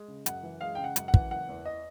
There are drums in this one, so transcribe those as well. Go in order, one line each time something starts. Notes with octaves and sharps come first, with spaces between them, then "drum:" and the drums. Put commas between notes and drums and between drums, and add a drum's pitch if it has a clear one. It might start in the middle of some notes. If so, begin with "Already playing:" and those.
Already playing: G#3
C#3
F#2 F#5, drum: hi-hat
E3
G#3 F5
C#3 G5
F#5
F#2, drum: hi-hat
F#5
E3, drum: kick
F#1 F#5
E2
D#5